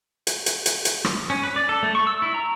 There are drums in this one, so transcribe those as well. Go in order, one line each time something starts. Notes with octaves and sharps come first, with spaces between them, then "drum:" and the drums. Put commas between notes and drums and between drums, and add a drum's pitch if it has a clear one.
drum: hi-hat
drum: hi-hat
drum: hi-hat
drum: hi-hat
drum: rim click
C#4
B4
D5
A4
A3
C#6
E6
E4
A#5